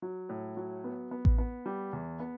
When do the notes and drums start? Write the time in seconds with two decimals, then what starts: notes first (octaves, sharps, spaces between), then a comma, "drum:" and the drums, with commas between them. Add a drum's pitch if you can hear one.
0.02 F#3
0.29 A2
0.57 F#3
0.84 B3
1.11 B3
1.25 drum: kick A1
1.38 B3
1.66 G3
1.93 E2
2.20 B3